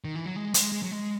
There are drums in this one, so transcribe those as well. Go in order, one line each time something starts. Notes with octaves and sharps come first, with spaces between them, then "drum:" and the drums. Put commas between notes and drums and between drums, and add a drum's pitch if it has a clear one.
D#3
E3
F#3
G#3
G#3, drum: hi-hat
G#3
F#3
G#3